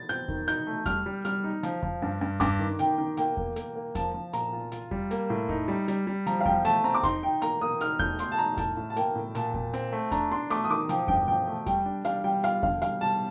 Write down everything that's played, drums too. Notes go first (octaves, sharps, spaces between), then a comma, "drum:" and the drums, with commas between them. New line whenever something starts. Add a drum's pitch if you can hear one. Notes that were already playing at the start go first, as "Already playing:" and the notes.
Already playing: A6
C4 G6, drum: hi-hat
D#3, drum: kick E2
D#4 G6, drum: hi-hat
A3
G3 F6, drum: kick E2, hi-hat
G3
G3 F6, drum: hi-hat
D#4
F3, drum: hi-hat
F3, drum: kick E2
G2
G2
G2 D6, drum: kick E2, hi-hat
D#3
D#3 G5, drum: hi-hat
D#3
A#3 G5, drum: hi-hat
A#3, drum: kick E2
A#3, drum: hi-hat
A#3
F3 A5, drum: kick E2, hi-hat
F3
A#2 A#5, drum: hi-hat
F4
F4, drum: hi-hat
G3, drum: kick E2
A#3, drum: hi-hat
A2
D#4, drum: kick E2
G3
G3, drum: hi-hat
G3
F3 A#5, drum: hi-hat
F5
F3 G5, drum: kick E2
A3 A5, drum: hi-hat
C4 A#5
D6
D#4 C6, drum: kick E2, hi-hat
D#4 G5
A#3 A#5, drum: hi-hat
A#3 D#6
D#4 F6, drum: hi-hat
A3 G6, drum: kick E2
A3 C6, drum: hi-hat
A5
D#4 A#5
A2 A5, drum: kick E2, hi-hat
A2
A5
A#3 G5, drum: hi-hat
A2
A#2 A5, drum: hi-hat
A#2, drum: kick E2
C4, drum: hi-hat
A3
D4 A#5, drum: kick E2, hi-hat
D4 C6
A3 D6, drum: hi-hat
D#6
D#3 D6
F3 G5, drum: hi-hat
G2 G5, drum: kick E2
F3 G5
A3
G3 G5, drum: kick E2, hi-hat
D4
G3 F5, drum: hi-hat
G3 G5
F4 F5, drum: hi-hat
D3 F5, drum: kick E2
G3 F5, drum: hi-hat
G3 A5